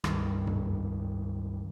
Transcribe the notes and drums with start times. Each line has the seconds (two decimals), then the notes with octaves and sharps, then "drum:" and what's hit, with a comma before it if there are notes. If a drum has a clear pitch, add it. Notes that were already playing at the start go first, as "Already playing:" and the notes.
0.04 C#2 G2 D#3 G3, drum: rim click
0.47 drum: tom